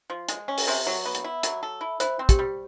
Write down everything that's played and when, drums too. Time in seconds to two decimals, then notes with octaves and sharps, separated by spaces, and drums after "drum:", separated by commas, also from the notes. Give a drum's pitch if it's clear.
0.10 F3
0.29 G#3, drum: hi-hat
0.48 C#4
0.58 drum: open hi-hat
0.68 C3
0.87 F#3
1.05 B3
1.15 drum: hi-hat
1.24 E4
1.43 F#3, drum: hi-hat
1.63 A4
1.81 E4
2.00 E4 C5, drum: hi-hat
2.19 C4
2.29 G4, drum: kick, hi-hat
2.39 G3